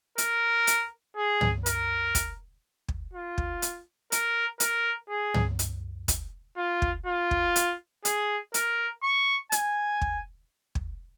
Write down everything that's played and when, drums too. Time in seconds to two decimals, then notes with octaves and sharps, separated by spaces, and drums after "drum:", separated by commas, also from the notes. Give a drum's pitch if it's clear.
0.18 A#4, drum: hi-hat
0.67 drum: hi-hat
1.17 G#4
1.41 drum: tom
1.66 A#4, drum: hi-hat
2.15 drum: kick, hi-hat
2.88 drum: kick
3.14 F4
3.38 drum: kick
3.62 drum: hi-hat
4.12 A#4, drum: hi-hat
4.60 A#4, drum: hi-hat
5.10 G#4
5.34 drum: tom
5.59 drum: hi-hat
6.08 drum: kick, hi-hat
6.57 F4
6.82 drum: kick
7.06 F4
7.31 drum: kick
7.56 drum: hi-hat
8.05 G#4, drum: hi-hat
8.54 A#4, drum: hi-hat
9.03 C#6
9.52 G#5, drum: hi-hat
10.01 drum: kick
10.75 drum: kick